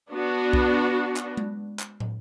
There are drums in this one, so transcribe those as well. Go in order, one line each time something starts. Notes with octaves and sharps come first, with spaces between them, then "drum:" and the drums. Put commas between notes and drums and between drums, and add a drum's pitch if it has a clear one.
B3 D4 F#4
drum: kick B1
drum: clap
drum: tom G#3
drum: clap
drum: tom